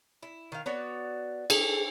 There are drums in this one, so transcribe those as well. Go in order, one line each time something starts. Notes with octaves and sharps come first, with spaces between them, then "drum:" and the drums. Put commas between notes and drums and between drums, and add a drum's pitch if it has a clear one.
E4
D#3 F5
B3 F#4 C#5 D5
E4 G#4 A4, drum: cymbal